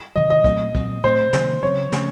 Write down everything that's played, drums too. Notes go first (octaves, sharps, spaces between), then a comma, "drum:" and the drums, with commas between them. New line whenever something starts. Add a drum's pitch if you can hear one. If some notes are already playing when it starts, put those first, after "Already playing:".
C3 D#3 F#3 D#5
D#5
A#2 F#3 A3 C4 D#5, drum: kick
A#2 F#3 C4, drum: kick
A2 A3 C4 C5
C3 D#3 F#3 A#3, drum: snare
C#3 F#3 C4 C#5
C#3 F3 A3 C#4, drum: snare